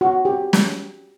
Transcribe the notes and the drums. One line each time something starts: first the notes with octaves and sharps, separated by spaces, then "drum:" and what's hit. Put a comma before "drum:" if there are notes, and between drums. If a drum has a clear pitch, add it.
F#4
G4
drum: snare